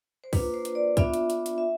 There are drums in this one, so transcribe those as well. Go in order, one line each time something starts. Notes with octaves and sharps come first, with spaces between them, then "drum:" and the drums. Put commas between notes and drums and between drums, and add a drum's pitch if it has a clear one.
C5
A#3 D4 F4 B4, drum: kick, open hi-hat
C5
drum: hi-hat
D5
B3 D4 F4 E5, drum: kick, hi-hat
drum: hi-hat
drum: hi-hat
drum: hi-hat
E5